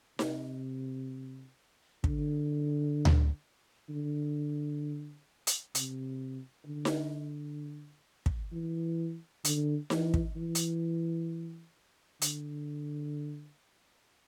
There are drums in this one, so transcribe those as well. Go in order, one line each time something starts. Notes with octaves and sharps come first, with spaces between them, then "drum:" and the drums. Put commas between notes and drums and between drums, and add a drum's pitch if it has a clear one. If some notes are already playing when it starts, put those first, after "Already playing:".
C3, drum: snare D#4
D3, drum: kick
drum: tom D2
D3
drum: hi-hat
C3, drum: hi-hat
D3
drum: snare D#4
drum: kick
E3
D3, drum: hi-hat
E3, drum: snare D#4
drum: kick
E3
drum: hi-hat
D3, drum: hi-hat